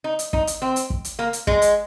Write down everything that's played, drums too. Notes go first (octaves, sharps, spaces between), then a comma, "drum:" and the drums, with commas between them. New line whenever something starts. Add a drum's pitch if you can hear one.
D#4
drum: hi-hat
D#4, drum: kick
drum: hi-hat
C4
drum: hi-hat
drum: kick
drum: hi-hat
A#3
drum: hi-hat
G#3, drum: kick
drum: hi-hat